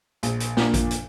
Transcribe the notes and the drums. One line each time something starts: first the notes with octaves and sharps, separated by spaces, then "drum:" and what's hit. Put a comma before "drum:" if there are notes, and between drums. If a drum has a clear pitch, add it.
A#1, drum: hi-hat
drum: hi-hat
A#2 F3 A#3 D4, drum: snare
drum: kick A1, hi-hat
drum: hi-hat